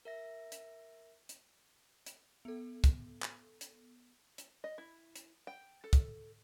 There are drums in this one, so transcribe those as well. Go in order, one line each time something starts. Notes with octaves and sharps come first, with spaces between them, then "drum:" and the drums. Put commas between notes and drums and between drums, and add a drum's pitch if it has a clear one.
A#4 E5 A#6
drum: hi-hat
drum: hi-hat
drum: hi-hat
B3 A4
drum: kick, hi-hat
drum: clap
drum: hi-hat
drum: hi-hat
D#5
E4
drum: hi-hat
G5
A4
drum: kick, hi-hat